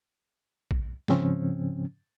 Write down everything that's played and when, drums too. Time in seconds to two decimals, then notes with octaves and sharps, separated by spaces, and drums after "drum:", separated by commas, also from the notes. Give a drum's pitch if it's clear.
0.71 drum: kick A#1
1.08 G#2 C#3 F3 C4 C#4, drum: snare